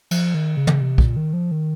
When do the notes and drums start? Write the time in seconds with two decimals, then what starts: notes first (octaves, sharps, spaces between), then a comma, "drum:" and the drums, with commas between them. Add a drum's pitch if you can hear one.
0.11 F3, drum: cymbal
0.34 D#3
0.57 C#3
0.67 drum: tom
0.81 C3
0.98 A#2, drum: kick
1.17 D#3
1.33 F3
1.52 D#3